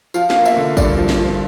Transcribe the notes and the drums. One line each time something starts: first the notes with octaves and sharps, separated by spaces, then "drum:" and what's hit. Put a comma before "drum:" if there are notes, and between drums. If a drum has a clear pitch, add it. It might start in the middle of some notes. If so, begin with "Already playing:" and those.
F3 F5, drum: tambourine
F5, drum: snare
A#3
E5, drum: tambourine
D3
G2 D5, drum: kick, tambourine
F3
drum: snare
F3